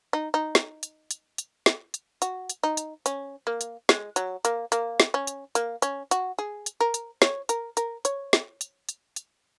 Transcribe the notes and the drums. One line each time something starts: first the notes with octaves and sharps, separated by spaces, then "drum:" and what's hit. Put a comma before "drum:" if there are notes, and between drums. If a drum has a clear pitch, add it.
D#4
D#4
drum: snare
drum: hi-hat
drum: hi-hat
drum: hi-hat
drum: snare
drum: hi-hat
F#4, drum: hi-hat
drum: hi-hat
D#4
drum: hi-hat
C#4, drum: hi-hat
A#3
drum: hi-hat
G#3, drum: snare
F#3, drum: hi-hat
A#3, drum: hi-hat
A#3, drum: hi-hat
drum: snare
C#4
drum: hi-hat
A#3, drum: hi-hat
C#4, drum: hi-hat
F#4, drum: hi-hat
G#4
drum: hi-hat
A#4
drum: hi-hat
C#5, drum: snare
A#4, drum: hi-hat
A#4, drum: hi-hat
C#5, drum: hi-hat
drum: snare
drum: hi-hat
drum: hi-hat
drum: hi-hat